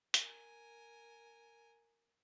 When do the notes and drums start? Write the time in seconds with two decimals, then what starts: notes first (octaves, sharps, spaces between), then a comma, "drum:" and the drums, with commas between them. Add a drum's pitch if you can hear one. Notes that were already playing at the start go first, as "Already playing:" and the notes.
0.14 A#4 G#5, drum: hi-hat